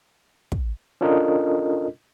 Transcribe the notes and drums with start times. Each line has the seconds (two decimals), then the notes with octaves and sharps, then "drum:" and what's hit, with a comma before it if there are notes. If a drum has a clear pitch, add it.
0.52 drum: kick
1.01 C#4 D4 F4 A4 A#4 D#5